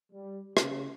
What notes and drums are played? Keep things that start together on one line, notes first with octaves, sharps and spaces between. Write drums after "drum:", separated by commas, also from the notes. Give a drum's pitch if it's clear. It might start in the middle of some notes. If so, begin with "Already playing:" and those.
G3
C#3, drum: rim click